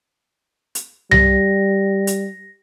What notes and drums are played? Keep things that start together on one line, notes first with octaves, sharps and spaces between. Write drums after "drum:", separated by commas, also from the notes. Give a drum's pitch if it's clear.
drum: hi-hat
G3 A#6, drum: tom C2
drum: hi-hat